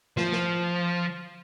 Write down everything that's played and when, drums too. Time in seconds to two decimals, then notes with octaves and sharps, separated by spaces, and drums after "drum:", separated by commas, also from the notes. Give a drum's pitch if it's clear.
0.17 F3, drum: snare
0.32 drum: snare